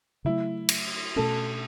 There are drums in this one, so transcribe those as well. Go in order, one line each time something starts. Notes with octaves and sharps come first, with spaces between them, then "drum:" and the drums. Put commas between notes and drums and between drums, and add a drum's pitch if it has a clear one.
C#3 F#3 A3 E4
drum: cymbal
B2 A3 C#4 A4